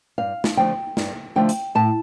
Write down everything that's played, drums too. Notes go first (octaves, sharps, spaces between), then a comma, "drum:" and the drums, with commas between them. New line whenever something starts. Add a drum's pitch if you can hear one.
G2 F5
drum: snare
D3 F3 A3 G5
G2, drum: snare
D3 F3 A3 G5
drum: hi-hat
A2 A5